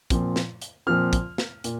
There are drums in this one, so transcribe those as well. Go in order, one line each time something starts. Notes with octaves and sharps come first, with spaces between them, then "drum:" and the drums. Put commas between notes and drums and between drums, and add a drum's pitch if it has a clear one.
A#2 F3 C4, drum: kick, hi-hat
drum: snare
drum: hi-hat
A#2 F3 C4 F6
drum: kick, hi-hat
drum: snare
A#2, drum: hi-hat